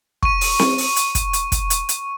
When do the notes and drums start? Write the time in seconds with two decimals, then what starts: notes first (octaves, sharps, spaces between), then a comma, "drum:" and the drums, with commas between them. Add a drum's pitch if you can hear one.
0.23 C#6 D#7, drum: kick
0.41 drum: open hi-hat
0.59 drum: snare C4
0.78 drum: open hi-hat
0.96 drum: hi-hat
1.15 drum: kick, hi-hat
1.33 drum: hi-hat
1.52 drum: kick, hi-hat
1.70 drum: hi-hat
1.89 drum: hi-hat